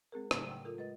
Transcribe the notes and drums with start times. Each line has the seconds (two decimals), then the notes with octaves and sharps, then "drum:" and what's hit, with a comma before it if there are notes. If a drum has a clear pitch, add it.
0.12 G#3 C4 G#4 A#4
0.31 A2 C#3 F#3 A3 C4, drum: rim click
0.49 F#5 G5 E6
0.65 F4 A4 A#4
0.78 G#3 B4 D#5 A6